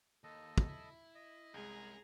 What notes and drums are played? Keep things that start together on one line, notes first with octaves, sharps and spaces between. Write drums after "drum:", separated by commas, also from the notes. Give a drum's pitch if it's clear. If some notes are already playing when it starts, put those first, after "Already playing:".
D#2 A4 D#5
drum: kick
E4
D#5
C2 G#3 C#4 G#4 A#4 A#5